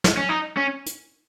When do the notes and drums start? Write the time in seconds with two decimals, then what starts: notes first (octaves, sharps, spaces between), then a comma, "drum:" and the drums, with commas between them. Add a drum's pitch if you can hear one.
0.04 drum: snare
0.17 C#4
0.29 D#4
0.57 C#4
0.86 drum: hi-hat